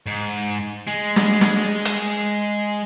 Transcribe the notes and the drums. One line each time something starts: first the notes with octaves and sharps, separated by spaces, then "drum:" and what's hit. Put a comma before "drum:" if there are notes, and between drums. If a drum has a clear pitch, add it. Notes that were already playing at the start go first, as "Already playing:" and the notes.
G#2
G#3
drum: snare
drum: snare
drum: hi-hat